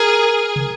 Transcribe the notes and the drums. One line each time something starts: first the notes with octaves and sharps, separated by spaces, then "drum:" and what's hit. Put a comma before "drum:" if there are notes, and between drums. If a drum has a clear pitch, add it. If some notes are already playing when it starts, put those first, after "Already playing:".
Already playing: G#4 A#4
drum: tom